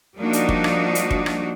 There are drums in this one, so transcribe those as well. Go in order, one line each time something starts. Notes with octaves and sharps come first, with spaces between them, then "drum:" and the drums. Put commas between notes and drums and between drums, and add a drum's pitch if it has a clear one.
F3 G3 A#3 D4 D#4 F#4
drum: hi-hat
drum: kick
drum: rim click
drum: hi-hat
drum: kick
drum: rim click